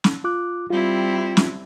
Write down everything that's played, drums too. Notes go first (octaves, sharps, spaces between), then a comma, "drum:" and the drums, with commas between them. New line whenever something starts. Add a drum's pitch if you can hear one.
drum: snare
F4 D6 F#6
G3 C4 E4 F4
drum: snare